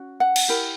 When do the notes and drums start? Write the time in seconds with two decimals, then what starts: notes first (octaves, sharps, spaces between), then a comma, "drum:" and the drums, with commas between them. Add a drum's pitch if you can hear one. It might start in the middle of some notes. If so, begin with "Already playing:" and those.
Already playing: C#4 F#4
0.20 F#5
0.36 drum: cymbal
0.48 E4 G4 A#4